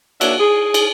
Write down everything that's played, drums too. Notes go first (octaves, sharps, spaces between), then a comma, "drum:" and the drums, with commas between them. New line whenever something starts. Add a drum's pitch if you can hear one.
A#3 D4 F#4 C#5 E5, drum: cymbal
G#4
drum: cymbal